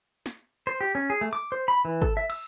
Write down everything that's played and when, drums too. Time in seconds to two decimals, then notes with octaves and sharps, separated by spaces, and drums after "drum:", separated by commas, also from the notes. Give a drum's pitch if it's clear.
0.26 drum: snare
0.67 C5
0.81 G4
0.95 C#4
1.10 G#4
1.21 A3
1.33 D6
1.52 C5
1.68 B5
1.85 E3
2.02 A4, drum: kick
2.17 E5
2.30 E6, drum: cymbal